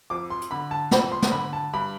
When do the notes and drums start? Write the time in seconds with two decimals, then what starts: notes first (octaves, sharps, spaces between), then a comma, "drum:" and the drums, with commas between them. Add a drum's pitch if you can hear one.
0.10 F2 D6
0.30 C6
0.41 drum: hi-hat
0.51 D3 B5
0.71 A5
0.91 F2 B5, drum: snare
1.12 C6
1.22 drum: snare
1.32 D3 B5
1.53 A5
1.73 G2 B5